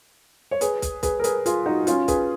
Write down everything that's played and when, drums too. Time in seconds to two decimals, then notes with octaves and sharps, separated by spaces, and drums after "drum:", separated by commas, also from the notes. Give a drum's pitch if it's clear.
0.51 C#5
0.61 G#4 B4, drum: hi-hat
0.82 drum: kick, hi-hat
1.03 G#4 B4, drum: kick, hi-hat
1.19 A#4
1.24 G#4 B4, drum: hi-hat
1.46 F4 G#4, drum: hi-hat
1.66 D#4 F#4
1.87 C#4 F4, drum: hi-hat
2.08 G#4 B4, drum: kick, hi-hat